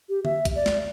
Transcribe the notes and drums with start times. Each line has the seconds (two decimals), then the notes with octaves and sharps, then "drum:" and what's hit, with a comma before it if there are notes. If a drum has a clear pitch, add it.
0.09 G4
0.25 E5, drum: tom D3
0.45 drum: kick, hi-hat
0.56 D5
0.66 drum: snare